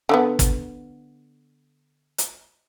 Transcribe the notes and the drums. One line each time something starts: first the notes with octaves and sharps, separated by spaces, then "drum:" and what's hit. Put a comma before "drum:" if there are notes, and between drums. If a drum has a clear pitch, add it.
D3 G3 B3
drum: kick, hi-hat
drum: hi-hat